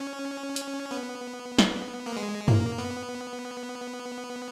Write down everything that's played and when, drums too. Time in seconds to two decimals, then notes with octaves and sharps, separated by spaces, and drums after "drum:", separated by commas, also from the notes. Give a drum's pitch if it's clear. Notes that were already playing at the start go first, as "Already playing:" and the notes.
Already playing: C#4
0.56 drum: hi-hat
0.91 B3
1.59 drum: snare
2.06 A#3
2.17 G#3
2.48 A#3, drum: tom
2.78 B3